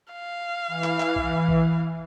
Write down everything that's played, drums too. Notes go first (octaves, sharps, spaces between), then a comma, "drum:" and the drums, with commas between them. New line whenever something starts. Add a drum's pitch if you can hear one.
F5
E3
drum: clap
drum: clap
drum: kick A#1
drum: kick A#1